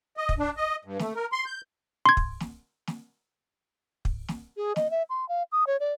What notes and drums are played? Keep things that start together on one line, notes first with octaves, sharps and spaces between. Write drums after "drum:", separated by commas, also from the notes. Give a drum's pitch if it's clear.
D#5
drum: kick
D4
D#5
G2
A3, drum: snare
A#4
C6
G6
C6 G#6
drum: kick
drum: snare
drum: snare
drum: kick
drum: snare
G#4
D#5, drum: snare
E5
C6
F5
D#6
C#5
D5